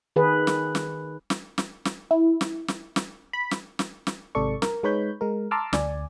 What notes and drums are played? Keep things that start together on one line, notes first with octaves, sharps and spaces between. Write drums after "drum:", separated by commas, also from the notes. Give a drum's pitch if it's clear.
D#3 G#4 B4
drum: snare
drum: snare
drum: snare
drum: snare
drum: snare
E4
drum: snare
drum: snare
drum: snare
B5
drum: snare
drum: snare
drum: snare
G#1 G#2 C3 A4 D5 C#6
A#4, drum: snare
G#3 D#4 B4 C#5 B5 G6
G#3 A#4
A5 A#5 C6 D6 E6 F6
D2 D5 G#5, drum: snare